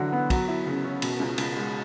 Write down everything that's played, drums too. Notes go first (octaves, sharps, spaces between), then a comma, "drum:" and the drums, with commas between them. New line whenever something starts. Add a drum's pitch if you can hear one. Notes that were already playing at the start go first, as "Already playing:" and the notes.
Already playing: D3 E3 F#3 F#4
B3
F#3, drum: kick, cymbal
E4
C#3
C#4
B2, drum: cymbal
C#2
C#2, drum: cymbal
G#3